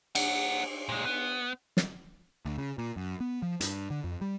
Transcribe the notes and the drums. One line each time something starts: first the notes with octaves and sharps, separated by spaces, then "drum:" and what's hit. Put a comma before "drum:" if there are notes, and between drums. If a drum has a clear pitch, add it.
A#3 F#5, drum: cymbal
A#2 G#3
B3
drum: snare
D2
C#3
A#2
F#2
B3
F3
G2, drum: hi-hat
D3
F2
G3